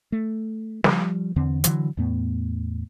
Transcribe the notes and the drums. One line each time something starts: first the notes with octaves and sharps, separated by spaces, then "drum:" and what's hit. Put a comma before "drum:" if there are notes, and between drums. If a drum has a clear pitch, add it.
A3
F3 G3, drum: snare
E2 D3 C4
D3 E3 F#3, drum: hi-hat
E2 A2 A3 B3